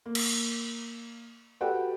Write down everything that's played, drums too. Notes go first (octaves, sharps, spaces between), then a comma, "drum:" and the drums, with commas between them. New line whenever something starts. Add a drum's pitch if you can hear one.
A#3
drum: cymbal
F#4 G4 A4 B4 F#5 G5